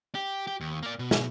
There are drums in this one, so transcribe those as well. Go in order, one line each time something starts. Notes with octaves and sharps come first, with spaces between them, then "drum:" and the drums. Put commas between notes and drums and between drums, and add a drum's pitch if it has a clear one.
G4
G4
D#2
A#3 D5
B2
drum: snare